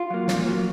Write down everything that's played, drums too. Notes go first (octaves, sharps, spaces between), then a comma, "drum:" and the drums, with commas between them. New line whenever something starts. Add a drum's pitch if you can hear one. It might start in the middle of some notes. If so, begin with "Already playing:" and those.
Already playing: F4
F#3 A#3
A#2, drum: snare
F#3 A#3